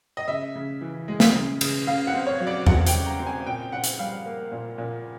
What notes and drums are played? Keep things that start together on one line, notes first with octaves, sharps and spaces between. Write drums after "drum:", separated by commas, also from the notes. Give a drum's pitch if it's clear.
D#5
C#3 E5
C#3
E3
G#3
drum: snare
C#3
C#3, drum: cymbal
C#3 F5
F#5
C4
C#5
F#3
D5
A3 F#5, drum: tom E2
G5, drum: hi-hat
C#3
A#5
C4
G#5
A#2 G5
A#2 F#5
drum: hi-hat
G3 F5
A#3
A#2
A#2